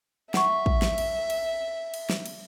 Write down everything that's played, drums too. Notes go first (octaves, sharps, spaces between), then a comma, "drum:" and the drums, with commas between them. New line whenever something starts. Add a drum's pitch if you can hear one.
E5 F#5 C#6, drum: snare
drum: kick
drum: snare
drum: cymbal
drum: cymbal
drum: cymbal
drum: snare
drum: cymbal